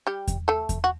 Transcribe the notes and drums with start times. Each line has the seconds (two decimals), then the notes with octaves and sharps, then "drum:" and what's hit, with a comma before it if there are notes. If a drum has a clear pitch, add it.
0.07 G3 G4
0.28 drum: kick E2, hi-hat
0.48 A3 A4
0.69 drum: kick E2, hi-hat
0.84 F#4